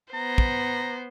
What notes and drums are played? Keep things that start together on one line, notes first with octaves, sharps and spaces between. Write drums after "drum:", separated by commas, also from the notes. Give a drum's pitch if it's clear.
B3 C5 A#5
drum: kick